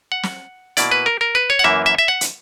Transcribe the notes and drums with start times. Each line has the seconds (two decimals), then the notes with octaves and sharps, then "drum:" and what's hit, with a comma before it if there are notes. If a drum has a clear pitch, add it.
0.12 F#5
0.23 drum: snare
0.77 B2 A#3 E4 D5, drum: hi-hat
0.91 B4
1.06 A#4
1.21 A#4
1.35 B4
1.50 C#5
1.59 F#5
1.64 F#2 E3 A#3 E5
1.86 E5
1.98 E5
2.08 F#5
2.21 drum: hi-hat